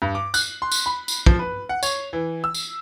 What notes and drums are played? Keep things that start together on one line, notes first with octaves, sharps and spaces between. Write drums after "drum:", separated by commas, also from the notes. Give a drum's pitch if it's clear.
G2
D6
F#6, drum: tambourine
C6
drum: tambourine
B5
drum: tambourine
F3, drum: kick
B4
F#5
C#5, drum: tambourine
E3
E6
drum: tambourine